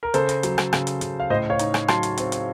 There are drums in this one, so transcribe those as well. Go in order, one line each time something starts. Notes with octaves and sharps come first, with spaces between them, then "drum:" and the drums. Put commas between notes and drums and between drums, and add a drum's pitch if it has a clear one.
A#4
C#3 A4 C5, drum: hi-hat
drum: hi-hat
F#3, drum: hi-hat
drum: rim click
C#3, drum: rim click
drum: hi-hat
C#3, drum: hi-hat
F5
A2 C5 D#5
C#5 F5
D#4, drum: hi-hat
drum: rim click
F#3 A5 C6, drum: rim click
drum: hi-hat
C4, drum: hi-hat
drum: hi-hat